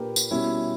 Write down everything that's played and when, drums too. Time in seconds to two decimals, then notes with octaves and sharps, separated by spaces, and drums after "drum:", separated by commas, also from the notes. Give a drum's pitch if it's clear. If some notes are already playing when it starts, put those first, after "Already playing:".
Already playing: A#2 A#3 D4 G4 A#4 B4
0.16 drum: tambourine
0.31 B2 G3 C#4 E4